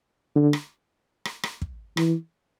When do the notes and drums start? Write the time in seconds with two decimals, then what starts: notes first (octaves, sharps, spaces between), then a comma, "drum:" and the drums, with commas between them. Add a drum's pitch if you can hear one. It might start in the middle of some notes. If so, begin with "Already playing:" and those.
0.35 D3
0.53 drum: rim click
1.25 drum: rim click
1.43 drum: rim click
1.62 drum: kick
1.97 E3, drum: rim click